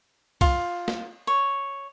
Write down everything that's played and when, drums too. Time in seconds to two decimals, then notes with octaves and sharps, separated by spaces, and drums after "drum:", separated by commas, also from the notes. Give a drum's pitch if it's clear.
0.41 F4, drum: kick C2, cymbal
0.88 drum: snare
1.27 C#5